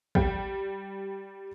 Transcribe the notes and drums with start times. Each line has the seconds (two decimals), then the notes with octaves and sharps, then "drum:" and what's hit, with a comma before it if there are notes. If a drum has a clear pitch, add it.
0.15 G3 G5, drum: kick